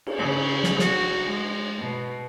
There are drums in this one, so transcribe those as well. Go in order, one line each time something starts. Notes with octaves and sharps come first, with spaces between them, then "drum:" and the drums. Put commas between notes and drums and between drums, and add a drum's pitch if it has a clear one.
drum: cymbal
C#3
drum: snare
F#4, drum: snare
G#3
B2